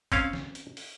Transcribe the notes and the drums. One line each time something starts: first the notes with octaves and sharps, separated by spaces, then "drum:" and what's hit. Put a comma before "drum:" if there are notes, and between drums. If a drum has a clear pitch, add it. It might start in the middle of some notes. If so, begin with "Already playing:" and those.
C4 C#4 F5, drum: kick, hi-hat
drum: snare
drum: hi-hat
drum: open hi-hat